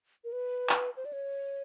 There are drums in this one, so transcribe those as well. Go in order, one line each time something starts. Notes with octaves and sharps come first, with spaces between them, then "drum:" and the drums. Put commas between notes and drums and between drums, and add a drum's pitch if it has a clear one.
A#4
B4
drum: clap
C5
D5
C#5